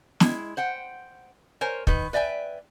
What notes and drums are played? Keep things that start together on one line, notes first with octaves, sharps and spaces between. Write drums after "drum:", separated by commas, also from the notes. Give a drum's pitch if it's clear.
G#3 E4, drum: snare
C5 F#5 G5
A#4 C5 C#5 G#5
D#3 B4, drum: kick
B4 D5 E5 G5 G#5